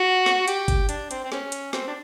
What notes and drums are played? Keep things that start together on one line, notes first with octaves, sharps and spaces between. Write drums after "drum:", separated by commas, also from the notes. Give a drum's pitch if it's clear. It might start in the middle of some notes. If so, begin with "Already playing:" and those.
Already playing: F#4
drum: snare
G4, drum: hi-hat
drum: kick G1, hi-hat
D4, drum: hi-hat
C4, drum: hi-hat
C4
C#4, drum: snare
drum: hi-hat
C4, drum: snare
D4